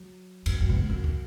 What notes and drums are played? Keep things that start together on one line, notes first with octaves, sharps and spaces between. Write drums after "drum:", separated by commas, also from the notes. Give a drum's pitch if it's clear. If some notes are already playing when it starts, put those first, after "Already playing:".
Already playing: F#3
F#2, drum: cymbal
F#2
B2
G#2
F#2
drum: kick